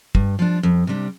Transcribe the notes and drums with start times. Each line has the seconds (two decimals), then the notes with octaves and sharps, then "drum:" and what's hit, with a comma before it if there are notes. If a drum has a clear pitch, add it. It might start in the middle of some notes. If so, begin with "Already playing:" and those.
0.15 G2, drum: kick
0.39 F3 D4
0.63 F2
0.87 C3 G3 D4